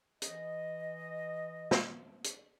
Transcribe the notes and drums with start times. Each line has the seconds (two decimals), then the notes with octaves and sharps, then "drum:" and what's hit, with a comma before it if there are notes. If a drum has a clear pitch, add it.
0.22 E3 D#5, drum: hi-hat
1.71 drum: snare
2.24 drum: hi-hat